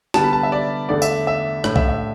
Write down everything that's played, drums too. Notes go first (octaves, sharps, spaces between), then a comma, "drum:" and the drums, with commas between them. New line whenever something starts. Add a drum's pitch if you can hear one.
D3 G3 B3 A5, drum: snare
B5
A5
E5
D5
E2 D3 A3 D4 D5
E5, drum: tambourine
E5
A2 A3 D4, drum: rim click
E5, drum: kick C2
E5